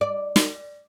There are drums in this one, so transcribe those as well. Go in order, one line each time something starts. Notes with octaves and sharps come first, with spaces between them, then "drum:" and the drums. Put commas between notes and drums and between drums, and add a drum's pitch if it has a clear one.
D5
drum: snare